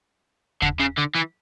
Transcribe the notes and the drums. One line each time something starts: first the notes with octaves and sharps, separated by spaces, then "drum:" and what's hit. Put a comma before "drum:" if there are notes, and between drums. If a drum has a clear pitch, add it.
D3, drum: kick
C#3
D3
E3